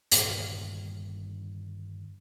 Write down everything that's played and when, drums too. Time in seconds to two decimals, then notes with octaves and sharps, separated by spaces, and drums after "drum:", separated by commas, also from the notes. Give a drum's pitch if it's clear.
0.12 G2 A#2 D3 D#3, drum: hi-hat